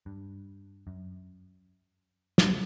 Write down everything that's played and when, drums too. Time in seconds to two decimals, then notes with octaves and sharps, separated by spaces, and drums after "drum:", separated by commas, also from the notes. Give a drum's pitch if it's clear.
0.06 G2
0.87 F#2
2.38 drum: snare